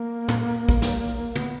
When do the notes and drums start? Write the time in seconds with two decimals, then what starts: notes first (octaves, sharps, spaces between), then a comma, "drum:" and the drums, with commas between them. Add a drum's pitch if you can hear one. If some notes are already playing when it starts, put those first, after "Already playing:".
Already playing: A#3
0.28 drum: tom
0.69 drum: kick
0.82 drum: snare
1.35 B3, drum: tom